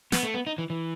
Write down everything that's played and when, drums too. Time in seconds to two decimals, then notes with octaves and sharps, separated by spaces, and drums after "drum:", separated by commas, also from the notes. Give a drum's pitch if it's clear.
0.12 B3, drum: snare
0.23 A3
0.34 B3
0.47 D#4
0.58 E3
0.70 E3